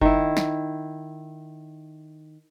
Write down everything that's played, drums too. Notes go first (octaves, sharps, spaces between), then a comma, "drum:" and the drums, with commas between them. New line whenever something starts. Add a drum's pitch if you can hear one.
D#3 E4, drum: kick F#1
drum: snare